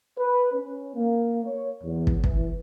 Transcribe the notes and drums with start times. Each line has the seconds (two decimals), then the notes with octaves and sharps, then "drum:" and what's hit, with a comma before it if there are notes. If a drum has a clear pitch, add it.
0.19 B4
0.54 C#4
0.95 A#3
1.45 C#5
1.84 E2
2.07 drum: kick
2.24 E3, drum: kick